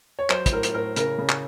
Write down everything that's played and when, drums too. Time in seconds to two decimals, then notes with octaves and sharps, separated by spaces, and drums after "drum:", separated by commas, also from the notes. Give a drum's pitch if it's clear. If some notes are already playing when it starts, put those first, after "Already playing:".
0.19 C#5
0.30 F#3 C5, drum: clap
0.46 C5, drum: kick, hi-hat
0.52 A2 A#4
0.63 drum: hi-hat
0.74 A2 A#4
0.96 C#3 A#4, drum: hi-hat
1.18 C#3
1.29 drum: clap